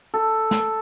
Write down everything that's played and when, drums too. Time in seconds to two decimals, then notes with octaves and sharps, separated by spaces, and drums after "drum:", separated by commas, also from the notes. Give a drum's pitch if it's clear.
0.14 A4
0.51 drum: snare